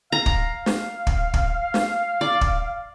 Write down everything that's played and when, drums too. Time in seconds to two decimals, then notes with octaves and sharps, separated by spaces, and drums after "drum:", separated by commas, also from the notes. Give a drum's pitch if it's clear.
0.12 F5 A#5
0.26 drum: kick
0.66 drum: snare
1.07 drum: kick
1.34 drum: kick
1.74 drum: snare
2.21 D5
2.41 drum: kick